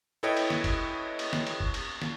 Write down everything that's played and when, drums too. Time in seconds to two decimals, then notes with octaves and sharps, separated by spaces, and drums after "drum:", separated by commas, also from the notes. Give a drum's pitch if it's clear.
0.23 E4 A4 B4 C#5 D#5 G5
0.37 drum: cymbal
0.50 drum: snare
0.64 drum: kick, cymbal
1.19 drum: cymbal
1.33 drum: snare
1.47 drum: cymbal
1.60 drum: kick
1.74 drum: cymbal
2.02 drum: snare